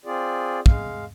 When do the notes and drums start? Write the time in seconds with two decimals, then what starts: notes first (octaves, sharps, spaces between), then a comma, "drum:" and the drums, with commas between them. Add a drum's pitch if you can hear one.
0.05 C4 F4 G#4 D5
0.66 G#3 F5, drum: kick